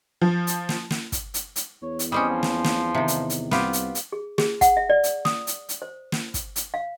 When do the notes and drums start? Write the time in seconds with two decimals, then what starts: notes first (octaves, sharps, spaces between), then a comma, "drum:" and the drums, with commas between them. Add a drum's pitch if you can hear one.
0.21 F3
0.47 drum: hi-hat
0.69 drum: snare
0.90 drum: snare
1.12 drum: kick, hi-hat
1.34 drum: hi-hat
1.56 drum: hi-hat
1.82 E2 C#5
1.99 drum: hi-hat
2.12 G3 C4 C#4 D#5
2.30 F3
2.43 drum: snare
2.64 drum: snare
2.95 C3 D#3
3.08 drum: hi-hat
3.30 drum: hi-hat
3.51 C2 B3 F4 G4, drum: snare
3.73 drum: hi-hat
3.95 drum: hi-hat
4.12 G#4
4.38 G#4, drum: snare
4.61 F#5, drum: kick, hi-hat
4.77 E5
4.90 D5
5.04 drum: hi-hat
5.25 D#6, drum: snare
5.47 drum: hi-hat
5.69 drum: hi-hat
5.82 C5
6.12 drum: snare
6.34 drum: kick, hi-hat
6.56 drum: hi-hat
6.74 F5